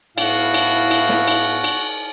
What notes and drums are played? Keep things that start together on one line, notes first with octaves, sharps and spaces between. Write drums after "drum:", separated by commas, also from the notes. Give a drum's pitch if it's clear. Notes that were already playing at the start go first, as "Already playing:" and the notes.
A2 B3 E4 F#4 F5, drum: cymbal
drum: cymbal
drum: cymbal
drum: snare
drum: cymbal
drum: cymbal